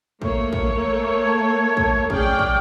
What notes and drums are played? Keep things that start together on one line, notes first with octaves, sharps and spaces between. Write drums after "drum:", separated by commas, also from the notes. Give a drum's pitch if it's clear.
A3 A#3 C#5, drum: kick
drum: kick
A5 G#6
drum: kick
C#4 G#4 D5 G5 F6, drum: kick
drum: kick